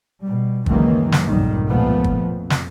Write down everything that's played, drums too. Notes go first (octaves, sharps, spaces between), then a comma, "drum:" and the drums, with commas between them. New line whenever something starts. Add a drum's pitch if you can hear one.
B2 G3
C#2 F#2 D#3 E3 A#3, drum: kick
drum: snare
B1 F2 G#2 D#3 G3
C#2 A#2 F3 A3 B3
drum: kick
F2
drum: snare